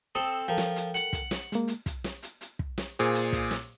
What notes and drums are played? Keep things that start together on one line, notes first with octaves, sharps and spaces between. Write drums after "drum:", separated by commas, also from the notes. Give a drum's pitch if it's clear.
C4 A4 D#6
F3 A4 A#4 G5
drum: snare
drum: hi-hat
F#5, drum: hi-hat
drum: kick, hi-hat
drum: snare
G#3 A#3, drum: hi-hat
drum: hi-hat
drum: kick, hi-hat
drum: snare
drum: hi-hat
drum: hi-hat
drum: kick
drum: snare
A#2 G#4 C5
drum: hi-hat
drum: kick, hi-hat
drum: snare